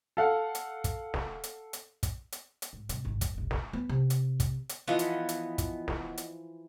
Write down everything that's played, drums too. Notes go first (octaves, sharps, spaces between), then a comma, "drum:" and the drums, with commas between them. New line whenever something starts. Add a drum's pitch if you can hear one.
A4 F5 F#5
drum: hi-hat
drum: kick, hi-hat
drum: snare
drum: hi-hat
drum: hi-hat
drum: kick, hi-hat
drum: hi-hat
drum: hi-hat
G#2
G2 C3, drum: hi-hat
G#1 G#2
F2, drum: kick, hi-hat
F1 A#1
drum: snare
B3
C3
drum: hi-hat
drum: kick, hi-hat
drum: hi-hat
E3 F3 B3 D#5 F#5
drum: hi-hat
drum: hi-hat
drum: kick, hi-hat
drum: snare
drum: hi-hat